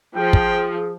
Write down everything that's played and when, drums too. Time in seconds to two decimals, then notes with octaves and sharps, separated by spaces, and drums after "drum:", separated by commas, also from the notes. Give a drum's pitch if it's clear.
0.15 F3 G#4 G5
0.33 drum: kick